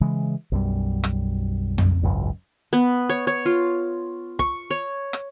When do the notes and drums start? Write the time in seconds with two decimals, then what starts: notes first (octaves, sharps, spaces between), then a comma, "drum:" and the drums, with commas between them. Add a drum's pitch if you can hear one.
0.01 C#3 E3 G#3
0.52 B1 F#2 G3
1.04 drum: rim click
1.78 drum: tom F2
2.03 G#1 C#2 F#2
2.73 B3
3.09 C#5
3.27 C#5
3.45 F4
4.39 C#6, drum: kick
4.70 C#5
5.13 drum: rim click